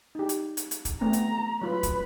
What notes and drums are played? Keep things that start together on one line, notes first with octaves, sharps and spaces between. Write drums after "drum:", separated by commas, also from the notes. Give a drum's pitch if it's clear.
D#4 G4
drum: hi-hat
drum: hi-hat
drum: hi-hat
drum: kick, hi-hat
A3 B3 C4 A#5
drum: hi-hat
F#3 F4 B4 B5
drum: kick, hi-hat